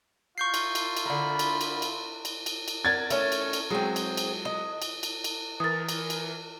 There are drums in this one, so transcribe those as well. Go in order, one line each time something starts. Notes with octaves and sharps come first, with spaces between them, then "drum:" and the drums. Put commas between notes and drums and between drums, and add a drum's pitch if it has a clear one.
E4 F4 C#6 G6 C7
drum: cymbal
drum: cymbal
drum: cymbal
D3 A#4 B5
drum: cymbal
drum: cymbal
drum: cymbal
drum: cymbal
drum: cymbal
drum: cymbal
A#4 D5 F#5 G#6 A6
A3 C#4, drum: cymbal
drum: cymbal
drum: cymbal
F#3 G#3 C4 G#4
drum: cymbal
drum: cymbal
D#5
drum: cymbal
drum: cymbal
drum: cymbal
E3 A#4 D#6 A6
drum: cymbal
drum: cymbal